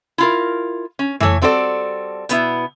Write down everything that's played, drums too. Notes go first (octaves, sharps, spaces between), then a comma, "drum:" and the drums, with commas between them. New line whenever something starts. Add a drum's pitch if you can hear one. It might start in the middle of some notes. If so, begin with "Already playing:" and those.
E4 F4 A#4
C#4
E3 A3 C#5, drum: tom F2
G3 C4 F#4 A4 A#4 D5
B2 B3 E4, drum: hi-hat